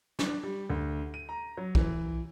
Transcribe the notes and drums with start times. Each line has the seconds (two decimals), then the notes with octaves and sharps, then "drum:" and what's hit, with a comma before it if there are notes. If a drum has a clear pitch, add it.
0.19 D4, drum: snare
0.43 G3
0.70 D2
1.14 D#7
1.29 A#5
1.57 F#3
1.75 E3, drum: kick